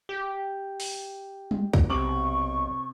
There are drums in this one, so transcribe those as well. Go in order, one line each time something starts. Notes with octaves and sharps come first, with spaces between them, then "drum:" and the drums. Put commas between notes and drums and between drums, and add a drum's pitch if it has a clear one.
G4
drum: open hi-hat
drum: tom G3
drum: kick C2
B1 C3 C#6 D6 F#7